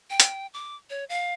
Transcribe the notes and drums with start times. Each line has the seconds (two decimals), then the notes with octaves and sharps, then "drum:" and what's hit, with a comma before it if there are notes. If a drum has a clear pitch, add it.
0.10 G5
0.20 drum: hi-hat
0.54 D6
0.90 C#5
1.09 F5